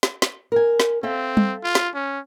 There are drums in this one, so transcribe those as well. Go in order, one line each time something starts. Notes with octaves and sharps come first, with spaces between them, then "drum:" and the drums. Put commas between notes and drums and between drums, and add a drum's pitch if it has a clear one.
drum: snare
drum: snare
A#4 G#5
drum: snare
C4 A4 E5 F5
drum: tom G3
F4
drum: snare
C#4